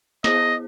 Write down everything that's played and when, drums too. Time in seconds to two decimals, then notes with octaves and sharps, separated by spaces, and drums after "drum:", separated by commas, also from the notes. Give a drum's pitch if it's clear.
0.24 B3 E4 G#4 C5 D#5, drum: snare